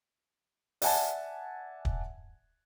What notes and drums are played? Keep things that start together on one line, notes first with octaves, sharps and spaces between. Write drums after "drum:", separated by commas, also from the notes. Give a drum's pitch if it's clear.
D5 E5 F#5 G#5 A5, drum: open hi-hat
drum: kick